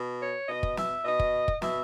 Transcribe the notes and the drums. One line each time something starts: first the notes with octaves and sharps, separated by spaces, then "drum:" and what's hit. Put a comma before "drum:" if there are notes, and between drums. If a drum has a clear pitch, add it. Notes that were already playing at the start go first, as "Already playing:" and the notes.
Already playing: B2
C#5
B2 D#5
drum: kick
E5, drum: snare
B2 D#5
drum: kick
drum: kick
B2 E5, drum: snare